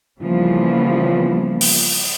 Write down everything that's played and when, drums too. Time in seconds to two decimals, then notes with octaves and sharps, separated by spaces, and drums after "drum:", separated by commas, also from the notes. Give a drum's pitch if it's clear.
0.20 C#3 E3 F3 G3 A#3 B3
1.61 drum: open hi-hat